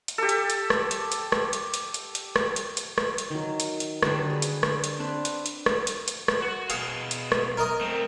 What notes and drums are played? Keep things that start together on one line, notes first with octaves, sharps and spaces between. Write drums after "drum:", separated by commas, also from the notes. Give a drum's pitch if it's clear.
drum: hi-hat
G4 A4
drum: hi-hat
drum: hi-hat
drum: rim click
drum: hi-hat
drum: hi-hat
drum: rim click
drum: hi-hat
drum: hi-hat
drum: hi-hat
drum: hi-hat
drum: rim click
drum: hi-hat
drum: hi-hat
drum: rim click
drum: hi-hat
D#3 F#3
drum: hi-hat
drum: hi-hat
D3 F#3 G3 D4, drum: rim click
G#4 B4
drum: hi-hat
drum: rim click
drum: hi-hat
C4 D4 B4 C5
drum: hi-hat
drum: hi-hat
drum: rim click
drum: hi-hat
drum: hi-hat
drum: rim click
F#4
B2 G#4 F5, drum: hi-hat
drum: hi-hat
drum: rim click
A#4 D#5 A#5
A3 C4